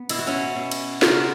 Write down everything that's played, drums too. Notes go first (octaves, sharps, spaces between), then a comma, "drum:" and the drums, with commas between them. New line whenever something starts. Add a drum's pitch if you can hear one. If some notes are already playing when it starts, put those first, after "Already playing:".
Already playing: B3
B2 E4, drum: cymbal
F#4
C#4 E4
B2
drum: cymbal
C#3 F#4 A#4, drum: snare